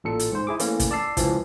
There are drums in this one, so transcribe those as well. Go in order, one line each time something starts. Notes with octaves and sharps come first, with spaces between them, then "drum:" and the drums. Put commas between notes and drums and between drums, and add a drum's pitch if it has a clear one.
A1 A#2 A4 C#7
drum: hi-hat
G#2 C5
E4 G#4 D6
E3 A3 A#3 C#4, drum: hi-hat
drum: kick, hi-hat
D5 A5 E6 C7
C#2 E3 F3, drum: kick, hi-hat